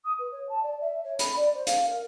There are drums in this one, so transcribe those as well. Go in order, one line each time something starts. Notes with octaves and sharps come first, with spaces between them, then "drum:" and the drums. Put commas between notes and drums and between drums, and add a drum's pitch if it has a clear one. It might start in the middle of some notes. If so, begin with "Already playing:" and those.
D#6
B4
C#5
A5
D5
E5
C#5
B5, drum: hi-hat
D5
C5
F5, drum: hi-hat
A#4